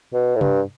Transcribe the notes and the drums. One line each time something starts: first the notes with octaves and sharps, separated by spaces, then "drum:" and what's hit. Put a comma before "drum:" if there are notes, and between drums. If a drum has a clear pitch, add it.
B2
A2
G2, drum: tom C3